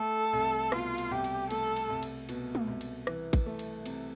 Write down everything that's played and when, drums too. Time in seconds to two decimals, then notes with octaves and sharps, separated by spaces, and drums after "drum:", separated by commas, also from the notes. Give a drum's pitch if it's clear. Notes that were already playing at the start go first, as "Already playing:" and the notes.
Already playing: A3 A4
0.33 C2
0.72 B2 F4, drum: rim click
0.98 drum: cymbal
1.11 C2 G4
1.24 drum: cymbal
1.50 A3 A4, drum: cymbal
1.76 drum: cymbal
1.90 C2
2.03 drum: cymbal
2.29 B2, drum: cymbal
2.55 drum: tom G#3
2.68 C2
2.81 drum: cymbal
3.07 E3, drum: rim click
3.33 drum: kick A1, cymbal
3.46 A3
3.59 drum: cymbal
3.86 C3, drum: cymbal